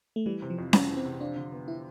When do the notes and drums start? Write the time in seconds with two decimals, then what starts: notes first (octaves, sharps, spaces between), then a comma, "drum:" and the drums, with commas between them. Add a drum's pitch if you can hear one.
0.16 A3
0.26 E3 G3
0.42 C3
0.50 F3
0.58 F2
0.73 F2 G3, drum: snare C#4
0.89 E3
0.97 C4
1.05 C3
1.21 F3 D4
1.36 D3
1.52 B3
1.68 E4